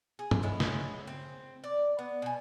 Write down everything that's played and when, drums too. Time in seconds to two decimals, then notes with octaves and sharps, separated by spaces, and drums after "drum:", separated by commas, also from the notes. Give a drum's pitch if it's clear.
0.19 G#4
0.31 drum: tom G2
0.43 G#3 B3 C#4 E4
0.60 drum: snare
1.07 C4
1.64 D5
1.99 B3
2.22 B2 G#5